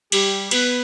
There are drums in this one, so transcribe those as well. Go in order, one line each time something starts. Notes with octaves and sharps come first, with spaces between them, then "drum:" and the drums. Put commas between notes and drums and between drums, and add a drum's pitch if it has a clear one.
G3 G4, drum: cymbal
B3 B4, drum: cymbal